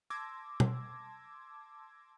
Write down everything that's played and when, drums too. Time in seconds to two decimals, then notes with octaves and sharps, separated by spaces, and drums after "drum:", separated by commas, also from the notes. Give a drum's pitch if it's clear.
0.10 A5 C6 D6 E6 G#6 A#6
0.60 drum: tom